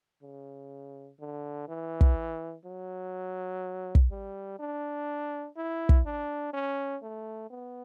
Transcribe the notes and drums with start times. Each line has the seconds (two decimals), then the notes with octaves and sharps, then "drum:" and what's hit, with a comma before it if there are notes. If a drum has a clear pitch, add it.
0.23 C#3
1.20 D3
1.68 E3
2.01 drum: kick
2.65 F#3
3.95 drum: kick
4.11 G3
4.59 D4
5.57 E4
5.89 drum: kick
6.06 D4
6.53 C#4
7.03 A3
7.50 B3